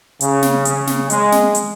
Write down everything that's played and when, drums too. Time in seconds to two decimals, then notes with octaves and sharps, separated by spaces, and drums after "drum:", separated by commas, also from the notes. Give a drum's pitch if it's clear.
0.21 C#3, drum: hi-hat
0.42 drum: snare
0.65 C#3, drum: hi-hat
0.87 drum: snare
1.10 G#3, drum: hi-hat
1.32 drum: snare
1.55 drum: hi-hat